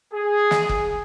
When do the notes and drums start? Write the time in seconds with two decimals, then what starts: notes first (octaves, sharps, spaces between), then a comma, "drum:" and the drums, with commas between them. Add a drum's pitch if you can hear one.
0.14 G#4
0.51 drum: snare
0.69 drum: kick F#1